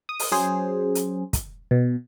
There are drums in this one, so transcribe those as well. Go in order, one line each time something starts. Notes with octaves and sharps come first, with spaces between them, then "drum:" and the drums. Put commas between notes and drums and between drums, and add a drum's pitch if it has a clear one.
D#6
drum: open hi-hat
F#3 C#4 G#4 C5
drum: hi-hat
drum: kick, hi-hat
B2